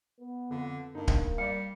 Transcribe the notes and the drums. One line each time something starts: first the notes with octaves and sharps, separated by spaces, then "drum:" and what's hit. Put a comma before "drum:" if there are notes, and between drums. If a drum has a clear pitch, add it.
B3
F2 D3
G2 A#3 D#4
drum: kick D1
G3 D5 F5 C#7